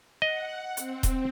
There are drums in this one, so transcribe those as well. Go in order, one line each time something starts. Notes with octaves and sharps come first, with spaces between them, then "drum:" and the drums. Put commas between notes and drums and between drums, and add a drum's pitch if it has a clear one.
D#5 F#5
C4, drum: hi-hat
drum: kick D#1, hi-hat